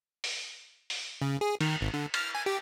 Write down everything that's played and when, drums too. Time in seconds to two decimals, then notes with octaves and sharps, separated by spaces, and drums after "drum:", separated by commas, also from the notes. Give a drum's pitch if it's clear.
0.24 drum: open hi-hat
0.90 drum: open hi-hat
1.22 C#3
1.41 G#4
1.61 D#3, drum: cymbal
1.81 G#1
1.94 D3
2.14 F6, drum: cymbal
2.35 G#5
2.46 G4